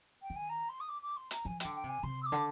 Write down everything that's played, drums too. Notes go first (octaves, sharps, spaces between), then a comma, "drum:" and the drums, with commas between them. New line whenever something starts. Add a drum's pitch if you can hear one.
G5
D#3
G#5
A#5
C6
D#6
D6
D6
C6
A#5, drum: hi-hat
F3 G#5
D3 G5, drum: hi-hat
G5
C3 G#5
C3 C6
E6
D6
D3